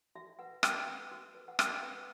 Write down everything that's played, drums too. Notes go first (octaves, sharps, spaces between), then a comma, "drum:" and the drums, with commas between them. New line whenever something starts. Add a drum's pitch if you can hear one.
F#4 E5
B4 F#5
F#4 G5, drum: rim click
B4
F#4
B4
F#5
F#4 G5, drum: rim click
B4